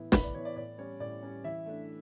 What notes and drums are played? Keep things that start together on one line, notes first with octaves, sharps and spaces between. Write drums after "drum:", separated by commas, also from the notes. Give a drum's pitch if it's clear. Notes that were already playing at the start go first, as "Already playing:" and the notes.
Already playing: A2 E3 B3 E4
A2 B4 B5, drum: snare
D5
E3 B3 E4 C#5
D5
A2 D5
G3 C#4 C#5
A2 D5
G3 C#4
E3 E4 E5
A3 D4